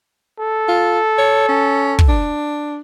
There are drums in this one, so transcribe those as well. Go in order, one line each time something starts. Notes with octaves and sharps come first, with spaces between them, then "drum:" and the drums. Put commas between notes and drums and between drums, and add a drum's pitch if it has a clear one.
A4
F4
C#5
C#4
drum: kick
D4